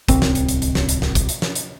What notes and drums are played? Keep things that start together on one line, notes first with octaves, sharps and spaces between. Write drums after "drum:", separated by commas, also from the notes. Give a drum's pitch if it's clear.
D1 C2 C4, drum: kick, hi-hat
drum: snare
drum: hi-hat
drum: hi-hat
drum: hi-hat
drum: snare
drum: hi-hat
drum: snare
drum: kick, hi-hat
drum: hi-hat
drum: snare
drum: hi-hat